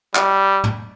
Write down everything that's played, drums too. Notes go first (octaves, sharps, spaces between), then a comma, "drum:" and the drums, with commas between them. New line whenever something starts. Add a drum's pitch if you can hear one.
G3, drum: clap
drum: tom